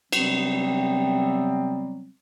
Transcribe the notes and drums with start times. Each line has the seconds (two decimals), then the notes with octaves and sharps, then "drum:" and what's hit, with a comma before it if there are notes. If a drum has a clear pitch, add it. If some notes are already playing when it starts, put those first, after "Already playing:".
0.12 C3 F#3 G3 B3 C4, drum: cymbal